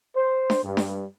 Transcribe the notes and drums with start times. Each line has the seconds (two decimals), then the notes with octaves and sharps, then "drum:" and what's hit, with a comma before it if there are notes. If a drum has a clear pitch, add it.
0.15 C5
0.50 drum: snare D4
0.63 G2
0.77 drum: snare D4